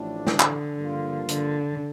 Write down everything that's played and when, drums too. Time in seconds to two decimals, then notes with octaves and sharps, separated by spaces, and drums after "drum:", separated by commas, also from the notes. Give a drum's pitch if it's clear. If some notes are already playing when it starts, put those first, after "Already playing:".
Already playing: A1 A2 F3 A3 D4
0.27 D3, drum: snare
0.40 drum: clap
0.78 G2 F3 A#3 F4
1.28 D3, drum: hi-hat